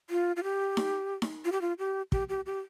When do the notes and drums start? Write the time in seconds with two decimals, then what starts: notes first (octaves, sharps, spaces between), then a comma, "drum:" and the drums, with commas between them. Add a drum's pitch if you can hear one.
0.10 F4
0.36 F4
0.43 G4
0.77 drum: snare D#4
1.22 drum: snare D#4
1.45 F4
1.52 G4
1.62 F4
1.79 G4
2.12 G4, drum: kick
2.29 G4
2.46 G4